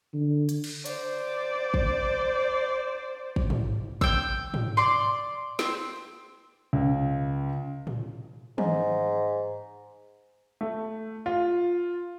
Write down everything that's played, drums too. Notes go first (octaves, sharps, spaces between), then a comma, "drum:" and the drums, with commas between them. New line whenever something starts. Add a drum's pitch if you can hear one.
D3
drum: hi-hat
drum: cymbal
C5 D5, drum: hi-hat
drum: kick
drum: kick
drum: tom
G5 E6, drum: kick
drum: tom
D5 C6
C4, drum: snare
C#2
drum: tom A2
G#2, drum: tom
A3
F4